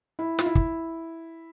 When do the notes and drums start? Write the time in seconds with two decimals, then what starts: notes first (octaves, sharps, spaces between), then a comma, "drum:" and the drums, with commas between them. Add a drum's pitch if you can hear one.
0.19 E4
0.39 F4, drum: snare
0.46 E4
0.55 drum: kick